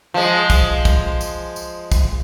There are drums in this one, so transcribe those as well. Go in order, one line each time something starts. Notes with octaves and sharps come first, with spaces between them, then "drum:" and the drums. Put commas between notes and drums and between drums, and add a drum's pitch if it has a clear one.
F3 G#3
drum: kick, tambourine
drum: kick, tambourine
drum: tambourine
drum: tambourine
drum: kick, tambourine